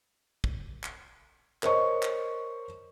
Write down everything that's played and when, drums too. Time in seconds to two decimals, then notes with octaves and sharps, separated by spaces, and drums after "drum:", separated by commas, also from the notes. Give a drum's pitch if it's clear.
0.44 drum: kick
0.84 drum: clap
1.63 A#4 C5 C#5 D#5 C#6, drum: clap
2.03 drum: clap